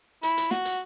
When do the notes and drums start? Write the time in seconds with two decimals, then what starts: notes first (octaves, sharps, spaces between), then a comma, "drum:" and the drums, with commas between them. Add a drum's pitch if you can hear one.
0.23 E4, drum: hi-hat
0.38 drum: hi-hat
0.51 F#4, drum: snare
0.65 drum: hi-hat